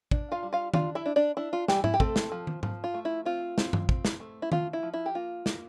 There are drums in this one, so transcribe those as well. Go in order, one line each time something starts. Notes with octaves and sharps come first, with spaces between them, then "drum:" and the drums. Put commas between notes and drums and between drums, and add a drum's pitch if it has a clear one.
D4, drum: kick
F4 F5
G3
F4 F5
D4 F4 F5, drum: tom D#3
E4 E5
D4
D4 D5
D4 E4
F4
E3 G3 G4, drum: snare
E4, drum: tom G#2
G4
A3 C4 A4, drum: kick
drum: snare
F3
drum: tom
F3, drum: tom G#2
F4
A3
E4
C4 F4
C4, drum: snare
drum: tom G2
C4, drum: kick
drum: snare
A3
E4
F3 F4, drum: tom D#3
E4
F3
E4
G4
A#3 F4
A#3, drum: snare